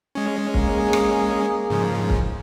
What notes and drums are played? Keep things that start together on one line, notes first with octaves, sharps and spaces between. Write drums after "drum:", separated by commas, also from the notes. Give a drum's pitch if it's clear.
G#3 C#4
A#3 G#4, drum: kick
drum: rim click
G#2 C#3 F3
drum: kick